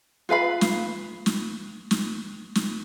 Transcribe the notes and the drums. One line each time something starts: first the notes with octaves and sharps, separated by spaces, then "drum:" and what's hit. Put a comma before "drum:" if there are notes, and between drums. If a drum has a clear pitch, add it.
F4 B4 F5 B5
drum: snare
drum: snare
drum: snare
drum: snare